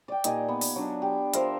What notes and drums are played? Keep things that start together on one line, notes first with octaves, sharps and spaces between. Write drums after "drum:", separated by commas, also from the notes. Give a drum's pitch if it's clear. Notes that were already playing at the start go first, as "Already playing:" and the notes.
D5 G5
A#2 D#4 G4 G#5, drum: hi-hat
B3
drum: open hi-hat
F#3 D4
G4
F3 A#4 C5 E5, drum: hi-hat